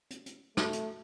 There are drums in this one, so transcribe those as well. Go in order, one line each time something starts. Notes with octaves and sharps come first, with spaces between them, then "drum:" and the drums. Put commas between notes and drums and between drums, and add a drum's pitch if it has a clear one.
drum: hi-hat
drum: hi-hat
A3 F#4, drum: snare
drum: hi-hat